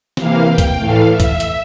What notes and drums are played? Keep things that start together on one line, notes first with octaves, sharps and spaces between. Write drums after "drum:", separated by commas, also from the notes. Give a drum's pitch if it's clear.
C3 E3 A#3 F5, drum: snare
G5
drum: kick C2, hi-hat
A2 E3 A3 F5
E5
drum: kick C2, hi-hat
drum: hi-hat